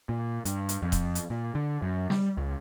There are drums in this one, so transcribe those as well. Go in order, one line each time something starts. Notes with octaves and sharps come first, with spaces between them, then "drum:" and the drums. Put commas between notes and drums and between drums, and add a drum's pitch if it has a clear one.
A#2
G2, drum: hi-hat
drum: hi-hat
F2
drum: kick D#1, hi-hat
drum: hi-hat
A#2
D3
F#2
G3, drum: snare
C#2